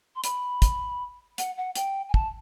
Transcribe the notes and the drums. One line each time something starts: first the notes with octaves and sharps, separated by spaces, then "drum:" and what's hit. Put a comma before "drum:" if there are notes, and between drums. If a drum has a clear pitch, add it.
C6
B5, drum: hi-hat
drum: kick, hi-hat
F#5, drum: hi-hat
F#5
G5, drum: hi-hat
G#5
A5, drum: kick